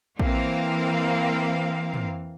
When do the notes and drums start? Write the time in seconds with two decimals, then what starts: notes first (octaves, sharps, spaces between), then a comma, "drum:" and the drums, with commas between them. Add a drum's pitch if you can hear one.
0.19 E3 A#3 C4 F5, drum: kick A#1
1.94 drum: tom